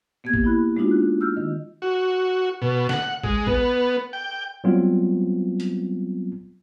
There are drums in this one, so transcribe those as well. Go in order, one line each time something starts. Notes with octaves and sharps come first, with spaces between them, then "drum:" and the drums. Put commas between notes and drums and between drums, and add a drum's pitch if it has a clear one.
A#3 B3 G4 G#6
drum: kick
E4 B5 F#6
G#3 B3 D4 D#4 F4 F#4
F#6
E6 F6 G6
D#3 D#5
F#4
B2
F#5, drum: snare
G#3, drum: kick
B3, drum: kick
G5
F#3 G3 B3 C4 F4
drum: hi-hat